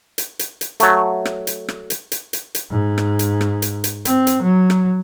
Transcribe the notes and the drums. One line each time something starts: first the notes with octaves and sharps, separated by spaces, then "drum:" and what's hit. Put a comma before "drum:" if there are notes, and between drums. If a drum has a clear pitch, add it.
drum: hi-hat
drum: hi-hat
drum: hi-hat
F#3 A3, drum: hi-hat
drum: rim click
drum: hi-hat
drum: rim click
drum: hi-hat
drum: hi-hat
drum: hi-hat
drum: hi-hat
G#2
drum: rim click
drum: hi-hat
drum: rim click
drum: hi-hat
drum: hi-hat
C4, drum: hi-hat
drum: hi-hat
F#3
drum: rim click